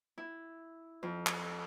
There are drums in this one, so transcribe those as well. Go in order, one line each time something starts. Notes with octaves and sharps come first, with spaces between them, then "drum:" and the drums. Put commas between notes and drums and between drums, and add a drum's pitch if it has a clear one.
E4
F2
drum: clap